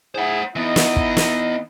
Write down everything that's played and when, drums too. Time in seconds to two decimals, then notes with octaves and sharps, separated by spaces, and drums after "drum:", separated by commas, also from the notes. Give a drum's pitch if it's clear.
0.15 E4 G#4 C5 F#5
0.56 E3 B3 D#4 E4 D#5
0.76 drum: snare
0.96 drum: kick
1.17 drum: snare